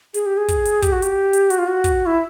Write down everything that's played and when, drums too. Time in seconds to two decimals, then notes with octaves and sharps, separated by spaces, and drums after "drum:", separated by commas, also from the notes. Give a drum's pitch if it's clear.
0.14 G#4, drum: hi-hat
0.26 G4
0.37 G#4
0.48 drum: kick, hi-hat
0.65 drum: hi-hat
0.82 G4, drum: kick, hi-hat
0.92 F#4
1.02 G4, drum: hi-hat
1.33 drum: hi-hat
1.50 F#4, drum: hi-hat
1.58 F4
1.68 F#4
1.84 drum: kick, hi-hat
2.06 E4